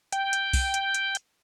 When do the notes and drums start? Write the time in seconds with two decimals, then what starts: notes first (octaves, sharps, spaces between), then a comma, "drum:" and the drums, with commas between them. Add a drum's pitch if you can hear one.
0.12 G5, drum: hi-hat
0.33 drum: hi-hat
0.53 drum: kick, open hi-hat
0.74 drum: hi-hat
0.94 drum: hi-hat
1.15 drum: hi-hat